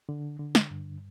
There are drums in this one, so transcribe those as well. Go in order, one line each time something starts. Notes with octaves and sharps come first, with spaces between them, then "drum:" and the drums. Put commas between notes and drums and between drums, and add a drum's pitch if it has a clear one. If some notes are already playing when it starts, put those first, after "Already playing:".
D3
D3
drum: snare
G2